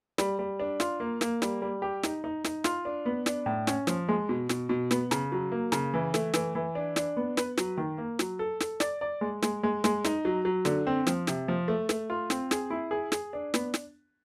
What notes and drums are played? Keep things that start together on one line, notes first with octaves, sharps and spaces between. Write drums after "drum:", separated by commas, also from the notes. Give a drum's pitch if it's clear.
G3, drum: snare
G3
D4
F4, drum: snare
A#3
A#3, drum: snare
G3, drum: snare
G3
G4
D#4, drum: snare
D#4
D#4, drum: snare
F4, drum: snare
D4
B3
D4, drum: snare
A2
C#4, drum: snare
F3, drum: snare
G#3
B2
B2, drum: snare
B2
B3, drum: snare
C#3, drum: snare
F#3
A#3
C#3, drum: snare
E3
A3, drum: snare
E3, drum: snare
E3
D4
D4, drum: snare
B3
B4, drum: snare
F#3, drum: snare
D#3
A#3
F#3, drum: snare
A4
A4, drum: snare
D5, drum: snare
D5
G#3
G#3, drum: snare
G#3
G#3, drum: snare
D#4, drum: snare
F#3
F#3
D3, drum: snare
C4
F3, drum: snare
C3, drum: snare
F3
A3
A3, drum: snare
F4
C4, drum: snare
G#4, drum: snare
E4
G#4
G#4, drum: snare
D4
B3, drum: snare
drum: snare